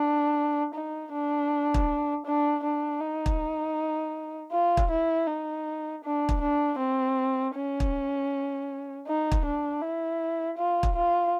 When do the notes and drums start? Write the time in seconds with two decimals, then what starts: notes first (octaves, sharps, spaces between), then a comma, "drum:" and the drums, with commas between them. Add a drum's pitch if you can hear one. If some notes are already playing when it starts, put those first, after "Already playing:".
Already playing: D4
0.74 D#4
1.12 D4
1.74 drum: kick
2.25 D4
2.63 D4
3.00 D#4
3.26 drum: kick
4.51 F4
4.77 drum: kick
4.90 E4
5.27 D#4
6.04 D4
6.29 drum: kick
6.41 D4
6.79 C4
7.55 C#4
7.80 drum: kick
9.07 D#4
9.32 drum: kick
9.45 D4
9.82 E4
10.57 F4
10.83 drum: kick
10.96 F4